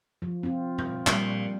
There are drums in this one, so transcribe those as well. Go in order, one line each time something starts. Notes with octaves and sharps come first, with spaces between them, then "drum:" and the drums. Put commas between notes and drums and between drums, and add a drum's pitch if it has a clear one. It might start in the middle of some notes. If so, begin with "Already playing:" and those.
F3
C4 F4
drum: tom B2
A#2 G3, drum: clap